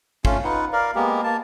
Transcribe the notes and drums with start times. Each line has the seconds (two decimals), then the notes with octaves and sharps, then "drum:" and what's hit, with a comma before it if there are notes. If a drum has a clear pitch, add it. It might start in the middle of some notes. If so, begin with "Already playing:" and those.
0.25 A3 C#4 F4, drum: kick
0.44 D#4 F4 B4 F#5
0.73 A#4 D5 F5
0.95 G#3 A#3 B3 G4
1.24 A#3 A5